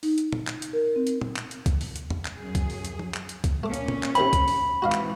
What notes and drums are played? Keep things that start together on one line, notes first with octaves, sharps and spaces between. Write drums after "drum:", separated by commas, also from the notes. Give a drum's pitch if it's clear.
D#4, drum: open hi-hat
drum: hi-hat
drum: tom
drum: clap
drum: hi-hat
A#4
C4
drum: hi-hat
drum: tom
drum: clap
drum: hi-hat
drum: kick C2, hi-hat
drum: open hi-hat
drum: hi-hat
drum: tom E2
drum: clap
F#2 G#4
drum: kick C2, hi-hat
drum: open hi-hat
drum: hi-hat
drum: tom
drum: clap
drum: hi-hat
drum: kick C2, hi-hat
A#2 A3 C#4 D6
drum: hi-hat
drum: tom
drum: clap
C3 D#3 C4 B5, drum: hi-hat
drum: kick C2, hi-hat
drum: open hi-hat
G#2 E3 C4 F#4 D#5 F5
drum: clap